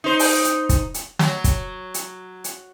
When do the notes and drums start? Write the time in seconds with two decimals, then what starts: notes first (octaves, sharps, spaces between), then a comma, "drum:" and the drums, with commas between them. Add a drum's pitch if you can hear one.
0.04 D#4 C5
0.19 drum: open hi-hat
0.44 drum: hi-hat
0.69 drum: kick, hi-hat
0.94 drum: hi-hat
1.19 F#3, drum: snare
1.44 drum: kick, hi-hat
1.94 drum: hi-hat
2.44 drum: hi-hat